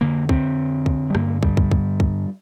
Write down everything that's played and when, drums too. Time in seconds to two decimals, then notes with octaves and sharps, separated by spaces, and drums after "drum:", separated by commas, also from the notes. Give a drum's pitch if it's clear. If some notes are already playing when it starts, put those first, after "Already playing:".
0.01 F2 D3 A#3
0.29 C4, drum: kick
0.86 drum: kick
1.10 G3
1.15 G2 D3 A#3, drum: rim click
1.43 G3, drum: kick
1.57 drum: kick
1.71 drum: kick
2.00 drum: kick